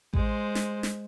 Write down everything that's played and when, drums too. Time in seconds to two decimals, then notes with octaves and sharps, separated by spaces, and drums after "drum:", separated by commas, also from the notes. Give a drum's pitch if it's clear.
0.14 G#3 C5, drum: kick A1
0.55 drum: snare
0.83 drum: snare